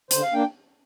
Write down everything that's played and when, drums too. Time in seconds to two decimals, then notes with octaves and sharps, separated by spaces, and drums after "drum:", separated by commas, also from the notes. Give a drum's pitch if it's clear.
0.11 D3 C5, drum: hi-hat
0.22 F5
0.33 A#3 D4 G5